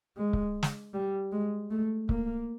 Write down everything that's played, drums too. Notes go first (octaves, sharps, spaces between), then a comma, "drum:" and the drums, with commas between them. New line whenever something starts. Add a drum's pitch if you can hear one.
G#3
drum: kick C#1
drum: snare
G3
G#3
A3
A#3, drum: kick C#1